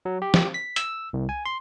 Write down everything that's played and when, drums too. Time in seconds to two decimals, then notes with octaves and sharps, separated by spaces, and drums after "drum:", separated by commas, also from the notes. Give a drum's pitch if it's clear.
0.05 F#3
0.22 G4
0.34 drum: snare
0.54 B6
0.76 E6, drum: hi-hat
1.13 C2
1.29 G#5
1.46 C6